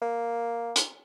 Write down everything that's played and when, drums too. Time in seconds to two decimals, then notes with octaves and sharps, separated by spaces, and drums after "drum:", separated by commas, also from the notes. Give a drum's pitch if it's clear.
0.02 A#3
0.76 drum: hi-hat